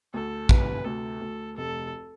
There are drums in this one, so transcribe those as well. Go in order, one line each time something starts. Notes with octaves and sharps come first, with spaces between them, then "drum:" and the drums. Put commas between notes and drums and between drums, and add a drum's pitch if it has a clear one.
D2 A4
C3 B4, drum: kick
D2 A4
D2
F1 A4